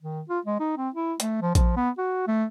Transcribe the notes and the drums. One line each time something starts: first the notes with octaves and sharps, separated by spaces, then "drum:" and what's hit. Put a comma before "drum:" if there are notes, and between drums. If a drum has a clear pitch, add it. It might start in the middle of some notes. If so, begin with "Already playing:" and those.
D#3
F4
G#3
D#4
C4
E4
A3, drum: hi-hat
F3
F3, drum: kick A#1, hi-hat
B3
F#4
A3